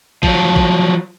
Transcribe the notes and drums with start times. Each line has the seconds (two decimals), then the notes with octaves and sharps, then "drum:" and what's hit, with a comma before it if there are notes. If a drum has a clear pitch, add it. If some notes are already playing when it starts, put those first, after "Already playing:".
0.23 F3 F#3, drum: kick A1
0.56 drum: kick A1